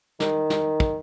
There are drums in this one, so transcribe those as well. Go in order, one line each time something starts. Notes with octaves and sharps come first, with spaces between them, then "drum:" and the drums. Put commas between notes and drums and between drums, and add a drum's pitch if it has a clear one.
D#3, drum: snare
drum: snare
drum: kick